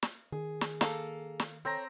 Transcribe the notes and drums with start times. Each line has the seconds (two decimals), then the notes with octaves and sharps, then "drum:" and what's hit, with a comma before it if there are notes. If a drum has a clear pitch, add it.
0.03 drum: snare
0.32 D#3 G#4
0.61 drum: snare
0.81 A#3 A4, drum: snare
1.40 drum: snare
1.65 C4 A4 C#5 A#5